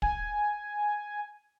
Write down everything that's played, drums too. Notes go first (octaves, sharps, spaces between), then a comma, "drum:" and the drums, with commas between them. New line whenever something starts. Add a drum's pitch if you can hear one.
G#5, drum: kick